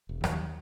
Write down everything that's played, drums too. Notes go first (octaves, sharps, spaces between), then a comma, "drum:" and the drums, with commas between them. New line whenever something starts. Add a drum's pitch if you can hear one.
E1
D#2 F#3, drum: rim click